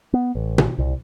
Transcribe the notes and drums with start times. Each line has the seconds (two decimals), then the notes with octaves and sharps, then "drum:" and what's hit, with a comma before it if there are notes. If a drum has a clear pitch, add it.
0.13 B3
0.35 A1
0.58 drum: tom B2
0.78 C2